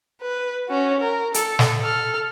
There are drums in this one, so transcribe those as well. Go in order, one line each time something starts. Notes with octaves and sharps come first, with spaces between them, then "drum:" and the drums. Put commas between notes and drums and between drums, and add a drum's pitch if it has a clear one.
B4
C#4 F#4
A#4
A4, drum: hi-hat
drum: snare
A4 F6